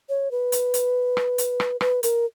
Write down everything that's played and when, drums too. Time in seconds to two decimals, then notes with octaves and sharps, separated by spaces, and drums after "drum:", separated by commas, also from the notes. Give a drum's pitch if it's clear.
0.09 C#5
0.31 B4
0.52 drum: hi-hat
0.74 drum: hi-hat
1.17 drum: rim click
1.38 drum: hi-hat
1.60 drum: rim click
1.81 B4, drum: rim click
2.03 A#4, drum: hi-hat